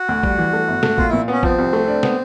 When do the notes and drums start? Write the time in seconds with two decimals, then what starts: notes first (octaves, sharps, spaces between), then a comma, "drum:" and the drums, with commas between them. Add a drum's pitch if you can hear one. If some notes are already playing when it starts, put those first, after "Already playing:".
Already playing: F#4
0.09 D2
0.23 G3, drum: kick A1
0.38 E3
0.53 A3
0.68 G1
0.83 A3, drum: snare
0.98 A#2 F4, drum: kick A1
1.09 A#2 E4
1.28 B3 C#4
1.43 F3 C4, drum: kick A1
1.58 C2
1.73 A3
1.88 D4
2.03 B3, drum: snare